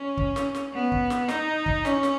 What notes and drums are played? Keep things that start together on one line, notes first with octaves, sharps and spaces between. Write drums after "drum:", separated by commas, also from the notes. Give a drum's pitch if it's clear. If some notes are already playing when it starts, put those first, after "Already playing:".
Already playing: C#4
drum: kick
drum: snare
drum: snare
B3
drum: kick
drum: snare
D#4, drum: snare
drum: kick
C#4, drum: snare
drum: snare